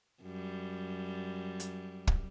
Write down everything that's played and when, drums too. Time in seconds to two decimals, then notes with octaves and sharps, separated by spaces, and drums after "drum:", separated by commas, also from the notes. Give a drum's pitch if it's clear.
0.23 F#2 G3
1.60 drum: hi-hat
2.07 drum: kick